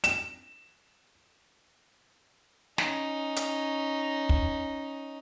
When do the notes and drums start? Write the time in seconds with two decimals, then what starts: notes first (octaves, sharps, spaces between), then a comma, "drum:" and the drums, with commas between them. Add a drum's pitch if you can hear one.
0.04 E7, drum: hi-hat
2.78 C#4 D#4, drum: snare
3.36 drum: hi-hat
4.29 drum: kick